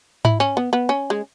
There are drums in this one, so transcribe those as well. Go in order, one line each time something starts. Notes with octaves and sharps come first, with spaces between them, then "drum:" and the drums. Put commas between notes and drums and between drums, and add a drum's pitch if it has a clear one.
E4, drum: tom G#2
C#4
B3
B3
C#4
G#3